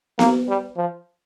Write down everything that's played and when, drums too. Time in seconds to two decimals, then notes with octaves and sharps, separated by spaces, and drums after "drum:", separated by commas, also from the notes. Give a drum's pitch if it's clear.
0.19 A#3, drum: snare B3
0.48 G3
0.77 F3